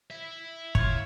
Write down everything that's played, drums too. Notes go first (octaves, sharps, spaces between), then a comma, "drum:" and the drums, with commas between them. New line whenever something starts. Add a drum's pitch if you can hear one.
E4 E5
F4 C#5, drum: kick